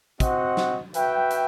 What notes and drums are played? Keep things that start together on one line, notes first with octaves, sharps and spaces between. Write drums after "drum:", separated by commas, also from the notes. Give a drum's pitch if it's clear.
C4 F#4 C5 D#5 F#5, drum: kick, hi-hat
drum: snare
F#4 B4 E5 G5, drum: hi-hat
drum: hi-hat